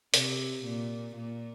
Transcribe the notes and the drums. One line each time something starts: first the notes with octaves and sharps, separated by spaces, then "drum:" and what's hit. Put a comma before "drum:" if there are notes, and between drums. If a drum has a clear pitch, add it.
C3, drum: hi-hat
A#2
A#2